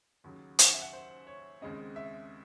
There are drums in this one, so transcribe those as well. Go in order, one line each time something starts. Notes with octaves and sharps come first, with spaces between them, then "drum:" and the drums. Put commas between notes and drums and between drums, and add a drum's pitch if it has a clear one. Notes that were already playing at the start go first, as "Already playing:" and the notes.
D#2 C#3 F#3
G#5, drum: hi-hat
F#5
E5
F#5
C5
C#5
D#2 C#3 G#3 C4 D#5
E5